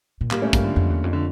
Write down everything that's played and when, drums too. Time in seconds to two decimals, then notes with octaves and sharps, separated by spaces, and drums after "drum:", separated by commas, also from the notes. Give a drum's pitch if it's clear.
0.21 A#2
0.31 A2 G3 A#3, drum: clap
0.42 A3 C#4
0.53 G2 G3 A#3, drum: kick, hi-hat
0.64 D3
0.76 F2
0.90 E2
1.04 F2
1.13 D3